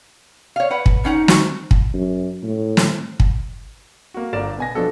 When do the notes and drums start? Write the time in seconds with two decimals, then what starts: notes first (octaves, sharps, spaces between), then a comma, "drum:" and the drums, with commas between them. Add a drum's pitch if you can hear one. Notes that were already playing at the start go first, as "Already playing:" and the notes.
0.56 C#5 F5
0.71 B4 F#5
0.86 drum: kick
1.05 C#4 D#4 F#5
1.28 F#4, drum: snare
1.71 drum: kick
1.94 F#2
2.43 A2
2.77 drum: snare
3.20 drum: kick
4.14 A#3 F#4
4.33 G1 A#3 A#4 D5 A6 E7
4.58 B2 G#5 A#6
4.75 B2 F3 D4 F#4 A4